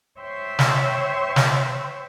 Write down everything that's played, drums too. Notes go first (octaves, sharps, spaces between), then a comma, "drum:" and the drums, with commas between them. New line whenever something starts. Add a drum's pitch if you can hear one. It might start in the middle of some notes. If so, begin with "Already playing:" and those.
C5 C#5 E5 G5 C6 C#6
drum: snare
drum: snare